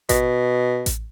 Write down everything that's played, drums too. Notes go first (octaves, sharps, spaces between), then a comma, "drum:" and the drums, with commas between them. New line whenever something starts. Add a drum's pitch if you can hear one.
B2, drum: kick A1, hi-hat
drum: kick A1, hi-hat